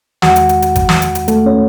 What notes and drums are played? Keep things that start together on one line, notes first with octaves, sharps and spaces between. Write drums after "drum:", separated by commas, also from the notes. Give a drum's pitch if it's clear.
E2 D#3 G#3 F#4 F#5, drum: snare
drum: hi-hat
drum: hi-hat
drum: hi-hat
drum: kick, hi-hat
drum: snare
drum: hi-hat
drum: hi-hat
A3 A4, drum: hi-hat
C#4 C#5